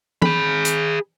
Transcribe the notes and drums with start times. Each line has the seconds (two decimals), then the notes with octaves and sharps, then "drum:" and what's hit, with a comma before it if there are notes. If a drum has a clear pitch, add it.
0.22 G#4 B5, drum: tom E3
0.65 drum: hi-hat